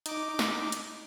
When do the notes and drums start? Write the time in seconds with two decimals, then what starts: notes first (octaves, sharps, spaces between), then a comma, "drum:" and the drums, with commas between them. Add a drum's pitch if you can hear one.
0.06 D#4 D6, drum: hi-hat
0.39 drum: snare
0.72 drum: hi-hat